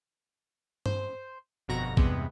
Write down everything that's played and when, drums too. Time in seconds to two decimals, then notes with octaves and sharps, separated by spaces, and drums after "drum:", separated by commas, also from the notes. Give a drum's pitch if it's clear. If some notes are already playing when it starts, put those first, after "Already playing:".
0.86 C5, drum: tom G2
1.68 G1 F2 B2 F#4 A#5 A#6
1.97 E2 G2 C3 G#3 B3, drum: kick